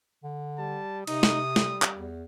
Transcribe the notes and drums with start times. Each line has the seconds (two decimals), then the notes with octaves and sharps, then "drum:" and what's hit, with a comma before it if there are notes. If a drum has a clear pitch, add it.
0.23 D3
0.59 G3 A5
1.07 C3 D#4 D#6, drum: cymbal
1.23 drum: snare
1.56 G3, drum: snare
1.82 drum: clap
1.96 E2